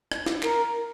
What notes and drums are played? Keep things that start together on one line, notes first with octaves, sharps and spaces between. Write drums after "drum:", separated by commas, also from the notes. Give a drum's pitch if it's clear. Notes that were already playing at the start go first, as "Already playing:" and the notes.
drum: rim click
drum: snare
A#4, drum: clap